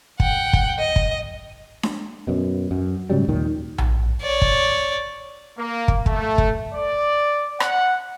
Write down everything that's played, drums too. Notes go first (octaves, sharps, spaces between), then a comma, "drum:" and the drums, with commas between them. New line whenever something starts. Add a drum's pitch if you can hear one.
F#5 G5, drum: kick
drum: kick
D#5
drum: kick
drum: snare D4
F#2 B2
F#2
G#2 C#3 F#3 G3
D#2 A#2 D#3
drum: tom A#1
C#5 D5
drum: kick
A#3
drum: kick
A3, drum: kick
drum: kick
D5
F#5, drum: rim click